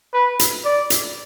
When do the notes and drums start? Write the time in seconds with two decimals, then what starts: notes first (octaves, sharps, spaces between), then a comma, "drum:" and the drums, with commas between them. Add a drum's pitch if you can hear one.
0.14 B4
0.39 drum: hi-hat
0.65 D5
0.90 drum: hi-hat